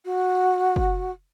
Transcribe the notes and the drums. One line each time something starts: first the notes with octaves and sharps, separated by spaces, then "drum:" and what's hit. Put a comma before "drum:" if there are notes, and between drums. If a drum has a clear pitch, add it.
F#4
drum: kick